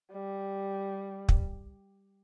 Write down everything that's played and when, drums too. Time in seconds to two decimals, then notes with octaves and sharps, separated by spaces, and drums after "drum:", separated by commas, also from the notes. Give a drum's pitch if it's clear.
0.12 G3
1.29 drum: kick